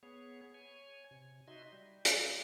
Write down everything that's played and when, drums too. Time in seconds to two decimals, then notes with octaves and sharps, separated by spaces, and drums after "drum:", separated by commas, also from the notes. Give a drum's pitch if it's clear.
0.03 B3 G#4 C#5
0.54 C#5 G#5
1.11 C3
1.47 D#4 F#4 D#5 E5 C6
1.72 G3
2.05 drum: hi-hat